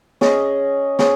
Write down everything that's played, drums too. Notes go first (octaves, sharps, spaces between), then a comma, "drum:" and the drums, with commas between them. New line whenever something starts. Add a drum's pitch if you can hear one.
C#4 G#4 D#5, drum: snare
C#4 G#4, drum: snare